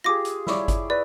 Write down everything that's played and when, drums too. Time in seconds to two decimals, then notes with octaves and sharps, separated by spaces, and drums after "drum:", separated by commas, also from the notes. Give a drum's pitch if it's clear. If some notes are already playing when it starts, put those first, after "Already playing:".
0.04 F4 G4 G#4 D6 A#6
0.25 drum: hi-hat
0.47 E4 C#5 D5, drum: snare
0.68 drum: kick G1, hi-hat
0.90 B4 D5